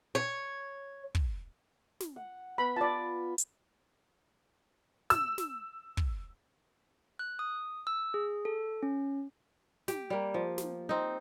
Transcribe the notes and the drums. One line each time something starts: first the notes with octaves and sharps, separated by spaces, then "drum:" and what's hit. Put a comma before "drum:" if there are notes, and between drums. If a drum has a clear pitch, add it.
C#5
drum: kick
drum: snare
F#5
B3 B5
F4 D5 A5 B5
drum: hi-hat
E6, drum: snare
drum: snare
drum: kick
F#6
D#6
E6
G#4
A4
C#4
G4, drum: snare
G3 A#3
F3
drum: snare
C4 D#4